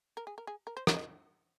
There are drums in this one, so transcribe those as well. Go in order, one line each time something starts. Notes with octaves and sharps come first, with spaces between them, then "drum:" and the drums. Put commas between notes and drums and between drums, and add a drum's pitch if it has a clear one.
A#4
G#4
A#4
G#4
A#4
C5
C#5, drum: rim click
D#5